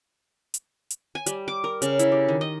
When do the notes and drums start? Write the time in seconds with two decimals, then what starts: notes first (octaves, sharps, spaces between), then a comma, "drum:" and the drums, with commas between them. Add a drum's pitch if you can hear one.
0.54 drum: hi-hat
0.90 drum: hi-hat
1.15 G#5
1.26 G3, drum: hi-hat
1.48 D6
1.64 A#4
1.82 C#3, drum: hi-hat
1.99 E4, drum: hi-hat
2.12 G4
2.28 D#3
2.41 D#5